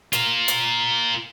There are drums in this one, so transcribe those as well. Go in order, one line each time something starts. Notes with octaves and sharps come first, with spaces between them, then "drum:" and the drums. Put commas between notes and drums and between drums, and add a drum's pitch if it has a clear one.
F4 A#4, drum: hi-hat
drum: hi-hat